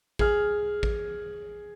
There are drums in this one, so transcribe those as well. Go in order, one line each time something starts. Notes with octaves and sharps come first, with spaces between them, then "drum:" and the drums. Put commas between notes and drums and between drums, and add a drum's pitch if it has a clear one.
G#4 F6, drum: kick A1
drum: kick A1